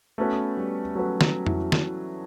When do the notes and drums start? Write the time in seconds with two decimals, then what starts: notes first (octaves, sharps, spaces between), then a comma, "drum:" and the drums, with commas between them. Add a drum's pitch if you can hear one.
0.18 A3 B3 C#4 F#4 B4
0.57 G3
0.95 F#3 A3 C#4 F#4 B4
1.21 F#3, drum: snare
1.46 E3, drum: tom F2
1.72 drum: snare